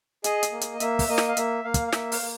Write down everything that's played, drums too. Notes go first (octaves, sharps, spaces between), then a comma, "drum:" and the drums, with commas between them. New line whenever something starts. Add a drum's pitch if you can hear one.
G#4 D#5, drum: hi-hat
drum: hi-hat
A#3
drum: hi-hat
A#3 E5, drum: hi-hat
drum: kick, open hi-hat
A#3 D#5
drum: snare
F5
A#3 E5, drum: hi-hat
A#3 F5
drum: kick, hi-hat
F5
A#3 E5, drum: snare
F5, drum: open hi-hat
A#3